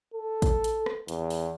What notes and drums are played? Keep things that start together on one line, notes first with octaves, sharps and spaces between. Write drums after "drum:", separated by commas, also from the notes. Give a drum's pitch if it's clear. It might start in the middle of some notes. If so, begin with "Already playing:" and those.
A4
drum: kick A1, hi-hat
drum: hi-hat
drum: rim click
E2, drum: hi-hat
drum: open hi-hat